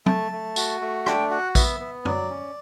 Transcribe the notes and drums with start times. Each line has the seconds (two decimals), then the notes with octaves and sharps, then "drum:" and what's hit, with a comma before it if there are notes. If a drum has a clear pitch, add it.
0.06 A3 A5, drum: tom F#3
0.32 A3
0.56 F#4, drum: tambourine
0.81 A3
1.06 D4 G5, drum: rim click
1.31 F#4 F#5
1.55 B3 E5, drum: kick A#1, tambourine
1.80 B3
2.05 F#3 D5, drum: tom F#2
2.30 C#4